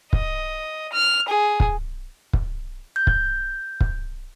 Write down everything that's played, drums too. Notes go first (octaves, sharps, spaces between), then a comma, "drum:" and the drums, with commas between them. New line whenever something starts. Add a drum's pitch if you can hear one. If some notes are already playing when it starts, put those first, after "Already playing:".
D#5, drum: kick
F6
G#4
drum: kick
drum: kick
G6
drum: kick
drum: kick